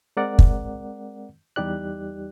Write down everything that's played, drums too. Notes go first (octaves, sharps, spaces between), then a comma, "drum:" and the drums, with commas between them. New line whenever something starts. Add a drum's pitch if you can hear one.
G#3 C4 A#4 D5 F#5
drum: kick
E2 G3 D#4 G4 D5 F#6